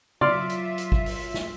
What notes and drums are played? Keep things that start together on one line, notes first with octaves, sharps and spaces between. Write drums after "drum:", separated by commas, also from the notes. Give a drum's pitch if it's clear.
F#3 F4 D5 E5 C6 F6, drum: tom C#3
drum: hi-hat
drum: hi-hat
drum: kick G#1
drum: open hi-hat
drum: snare